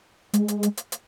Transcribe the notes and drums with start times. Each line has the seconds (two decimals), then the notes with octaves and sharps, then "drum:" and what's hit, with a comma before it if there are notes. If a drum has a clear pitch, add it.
0.33 G#3, drum: hi-hat
0.48 drum: hi-hat
0.63 drum: hi-hat
0.77 drum: hi-hat
0.92 drum: hi-hat